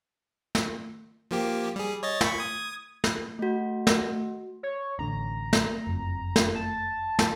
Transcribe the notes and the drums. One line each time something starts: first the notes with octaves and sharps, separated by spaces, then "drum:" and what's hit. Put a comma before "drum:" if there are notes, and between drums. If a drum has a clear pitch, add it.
drum: snare
F3 A#3 G4
G3 G#4
C#5 D#5 A6
B5 C#6, drum: snare
D#6 G#6
drum: snare
A3 F#4
drum: snare
C#5
A1 D3 A#5
drum: snare
F#1 F2
drum: snare
A5
drum: snare